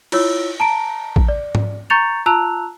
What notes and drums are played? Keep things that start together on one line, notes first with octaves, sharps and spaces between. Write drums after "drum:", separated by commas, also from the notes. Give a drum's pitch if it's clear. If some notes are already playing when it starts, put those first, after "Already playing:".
E4 F4 C#5 E6, drum: cymbal
A5 A#5 D7
drum: kick A1
D5
drum: tom G#2
A#5 C#6 G6 A6 C#7 F7
F4 A5 A#5 E6 F#6 F7